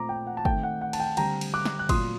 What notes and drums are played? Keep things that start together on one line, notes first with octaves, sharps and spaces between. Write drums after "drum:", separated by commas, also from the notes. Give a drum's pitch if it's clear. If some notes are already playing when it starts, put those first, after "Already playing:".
Already playing: A#2 A3 C4 A#5 D6
G5
F#5
A5
D#3 A3 C4 G5, drum: kick G1
F#5
F#5
A5, drum: cymbal
G5
D3 G3 C4 G5 A#5, drum: cymbal
drum: cymbal
D6 F#6
drum: snare
F#6
A#2 F#3 A3 C4 C6 D#6, drum: kick G1, cymbal